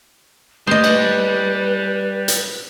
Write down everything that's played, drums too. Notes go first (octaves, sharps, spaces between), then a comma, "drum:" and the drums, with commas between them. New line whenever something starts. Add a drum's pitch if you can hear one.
G3 A3 A#3 B4 C5 D#5 D#6
drum: cymbal
drum: hi-hat